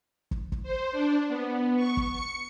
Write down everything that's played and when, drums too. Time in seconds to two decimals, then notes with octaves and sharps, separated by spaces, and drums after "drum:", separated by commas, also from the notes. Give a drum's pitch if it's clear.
0.31 drum: kick
0.52 drum: kick
0.63 C5
0.91 D4
1.28 B3
1.76 C#6
1.97 drum: kick
2.09 C#7